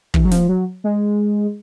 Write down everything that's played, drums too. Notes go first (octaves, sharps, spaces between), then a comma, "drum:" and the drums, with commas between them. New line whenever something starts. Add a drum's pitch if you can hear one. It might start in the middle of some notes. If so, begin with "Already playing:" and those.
E3, drum: kick
F#3
F3, drum: snare
F#3
G#3